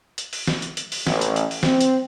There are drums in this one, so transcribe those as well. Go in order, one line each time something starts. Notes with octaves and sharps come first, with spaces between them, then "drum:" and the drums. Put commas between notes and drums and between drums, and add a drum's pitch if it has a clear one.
drum: hi-hat
drum: open hi-hat
drum: snare
drum: hi-hat
drum: hi-hat
drum: open hi-hat
A1, drum: snare
drum: hi-hat
drum: hi-hat
drum: open hi-hat
C4, drum: snare
drum: hi-hat